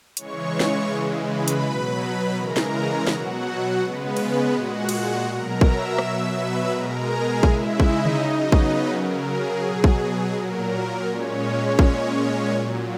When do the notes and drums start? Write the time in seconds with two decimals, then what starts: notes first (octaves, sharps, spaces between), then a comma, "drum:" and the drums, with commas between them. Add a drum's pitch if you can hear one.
0.17 C#3 E3 G#3 C#5 C#6, drum: hi-hat
0.60 drum: snare
0.90 C#3 E3 G#3
1.26 B4 B5
1.48 drum: hi-hat
1.62 F#3
1.68 B2
2.35 C#3 E3 G#3 A#4 A#5
2.57 drum: snare
3.07 B2 F#3 F#4 F#5, drum: snare
3.80 C#3 G#3 B3 B4
4.17 B3 B4, drum: cymbal
4.52 A#2 G#3 F#4 F#5
4.89 F#4 F#5, drum: cymbal
5.25 B2 F#3 A#4 A#5
5.61 E5 E6, drum: kick
5.98 B2 F#3, drum: rim click
6.35 B4 B5
6.71 B2 G#3 A#4 A#5
7.07 G#4 G#5
7.43 C#3 G#3 E4 E5, drum: kick
7.80 D#4 D#5, drum: kick
8.05 drum: tom D3
8.15 C#3 F#3
8.52 B3 B4, drum: kick
8.88 C#3 F#3 A#4
9.24 G#4
9.61 B2 F#3
9.84 drum: kick
10.34 A#2 F#3 A#4
11.06 A#2 G#3 C#4 C#5
11.79 A#2 G#3 C#4 C#5, drum: kick
12.51 A#2 F#3